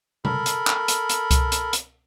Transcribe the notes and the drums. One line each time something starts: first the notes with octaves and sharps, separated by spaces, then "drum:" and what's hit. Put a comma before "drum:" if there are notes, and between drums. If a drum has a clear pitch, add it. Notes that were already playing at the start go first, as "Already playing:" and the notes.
A4 A#4 B5, drum: tom C3
drum: hi-hat
drum: clap
drum: hi-hat
drum: hi-hat
drum: kick C2, hi-hat
drum: hi-hat
drum: hi-hat